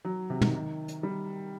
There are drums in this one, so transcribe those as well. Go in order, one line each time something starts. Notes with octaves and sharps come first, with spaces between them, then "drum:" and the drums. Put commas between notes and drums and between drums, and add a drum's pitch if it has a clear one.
F#3
C3
D#3, drum: tom
D#3
drum: hi-hat
G3